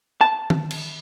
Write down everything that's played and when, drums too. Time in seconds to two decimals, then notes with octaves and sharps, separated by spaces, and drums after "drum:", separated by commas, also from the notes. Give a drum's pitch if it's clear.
0.21 A5
0.50 drum: tom D#3
0.71 drum: cymbal